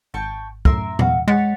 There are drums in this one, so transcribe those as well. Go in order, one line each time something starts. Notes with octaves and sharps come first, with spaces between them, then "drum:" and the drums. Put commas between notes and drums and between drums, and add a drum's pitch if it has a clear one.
G#1 G5 A5 C#6
F#2 A2 A#4 E5 C6 E6, drum: kick
E2 F#4 F5, drum: tom A#2
G#3 C#5 F#5 A6 B6 C#7